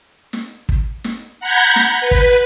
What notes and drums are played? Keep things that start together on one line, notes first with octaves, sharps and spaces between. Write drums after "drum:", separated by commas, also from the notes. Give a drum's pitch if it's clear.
drum: snare
drum: kick
drum: snare
F#5 A#5 B5 G6 G#6
drum: snare
B4
drum: kick